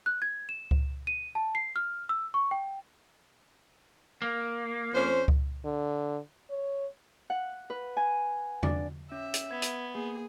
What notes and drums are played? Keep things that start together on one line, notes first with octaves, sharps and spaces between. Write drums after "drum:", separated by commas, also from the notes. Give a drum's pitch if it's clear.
F#6
G#6
E7
drum: kick C#2
D#7
A5
C7
F6
E6
C#6
G5
A#3
F2 C#4 C5
drum: kick C#2
D3
C#5
F#5
B4
G#5
D4, drum: tom E2
C#4 E5
drum: hi-hat
B3 G#6 B6
drum: hi-hat
A#3 G#4